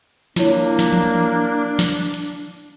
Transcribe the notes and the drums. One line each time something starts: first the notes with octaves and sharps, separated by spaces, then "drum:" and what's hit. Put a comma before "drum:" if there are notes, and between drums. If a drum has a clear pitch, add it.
A#3 D4 E4 F4 C#5, drum: snare
drum: snare
drum: tom E3
drum: snare
drum: hi-hat